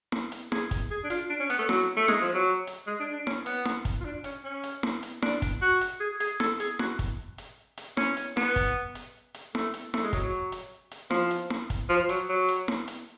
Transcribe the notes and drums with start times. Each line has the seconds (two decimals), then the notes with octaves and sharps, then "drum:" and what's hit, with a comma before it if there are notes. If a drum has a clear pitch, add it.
0.12 drum: snare
0.32 drum: hi-hat
0.52 G#4, drum: snare
0.71 drum: kick, hi-hat
0.91 G#4
1.04 D4
1.10 F4, drum: hi-hat
1.30 D4
1.40 C#4
1.50 B3, drum: hi-hat
1.59 A3
1.69 F#3, drum: snare
1.97 A3
2.08 G#3, drum: snare
2.22 F3
2.34 F#3
2.67 drum: hi-hat
2.87 G#3
3.00 D4
3.12 D4
3.27 C#4, drum: snare
3.46 B3, drum: hi-hat
3.65 drum: snare
3.85 drum: kick, hi-hat
4.00 F4
4.05 D4
4.24 C#4, drum: hi-hat
4.44 C#4
4.64 drum: hi-hat
4.83 drum: snare
5.03 drum: hi-hat
5.22 D4, drum: snare
5.42 drum: kick, hi-hat
5.62 F#4
5.81 drum: hi-hat
6.00 G#4
6.20 G#4, drum: hi-hat
6.40 A4, drum: snare
6.60 G#4, drum: hi-hat
6.79 F#4, drum: snare
6.99 drum: kick, hi-hat
7.38 drum: hi-hat
7.77 drum: hi-hat
7.97 C#4, drum: snare
8.17 drum: hi-hat
8.37 B3, drum: snare
8.56 drum: kick, hi-hat
8.95 drum: hi-hat
9.34 drum: hi-hat
9.55 A3, drum: snare
9.74 drum: hi-hat
9.94 A3, drum: snare
10.03 G#3
10.13 F#3, drum: kick, hi-hat
10.23 F#3
10.52 drum: hi-hat
10.91 drum: hi-hat
11.10 F3, drum: snare
11.31 drum: hi-hat
11.50 drum: snare
11.70 drum: kick, hi-hat
11.89 F3
12.09 F#3, drum: hi-hat
12.29 F#3
12.48 drum: hi-hat
12.68 drum: snare
12.88 drum: hi-hat